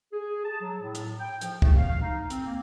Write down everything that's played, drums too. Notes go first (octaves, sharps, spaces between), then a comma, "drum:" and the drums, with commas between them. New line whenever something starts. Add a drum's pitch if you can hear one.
G#4
A5
F#3
A2
drum: hi-hat
G5
F3, drum: hi-hat
A3, drum: kick
F5
D#4
C4, drum: hi-hat
A#3